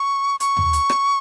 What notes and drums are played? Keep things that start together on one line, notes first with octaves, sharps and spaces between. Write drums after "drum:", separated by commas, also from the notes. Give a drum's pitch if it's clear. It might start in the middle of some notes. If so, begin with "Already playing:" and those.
Already playing: C#6
C#6, drum: hi-hat
drum: tom
drum: hi-hat
drum: rim click